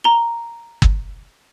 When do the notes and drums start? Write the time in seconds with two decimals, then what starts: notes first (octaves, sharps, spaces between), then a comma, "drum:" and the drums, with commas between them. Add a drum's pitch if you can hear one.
0.04 A#5 G7
0.82 drum: kick